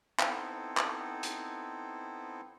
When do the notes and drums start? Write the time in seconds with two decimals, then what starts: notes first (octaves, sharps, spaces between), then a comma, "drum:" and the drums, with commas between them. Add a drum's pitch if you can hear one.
0.19 B3 C4 D#4 E4 A4 C5, drum: clap
0.77 drum: clap
1.23 drum: hi-hat